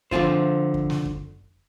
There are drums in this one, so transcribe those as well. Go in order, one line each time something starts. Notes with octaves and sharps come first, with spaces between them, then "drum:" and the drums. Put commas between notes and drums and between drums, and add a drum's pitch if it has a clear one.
D3 F3 C4 F4 C5, drum: kick F#2
drum: kick F#2
drum: snare
drum: kick F#2